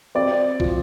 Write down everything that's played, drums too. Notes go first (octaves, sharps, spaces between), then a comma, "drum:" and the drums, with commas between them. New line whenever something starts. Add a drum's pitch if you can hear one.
C4 D5
F3, drum: kick